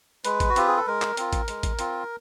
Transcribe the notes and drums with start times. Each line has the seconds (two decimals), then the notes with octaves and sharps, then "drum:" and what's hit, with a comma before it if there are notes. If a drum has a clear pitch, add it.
0.25 G#3 B4, drum: hi-hat
0.40 drum: kick A1, hi-hat
0.49 F#4
0.56 C4 F4 G4, drum: hi-hat
0.67 G#4
0.77 A4
0.87 G#3 A#4
1.02 drum: clap
1.17 C4 F4, drum: hi-hat
1.33 drum: kick A1, hi-hat
1.48 G#3, drum: hi-hat
1.63 drum: kick A1, hi-hat
1.79 C4 F4, drum: hi-hat